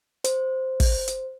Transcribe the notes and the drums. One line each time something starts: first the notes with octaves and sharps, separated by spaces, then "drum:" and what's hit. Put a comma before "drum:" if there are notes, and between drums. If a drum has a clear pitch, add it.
C5, drum: hi-hat
drum: kick, open hi-hat
drum: hi-hat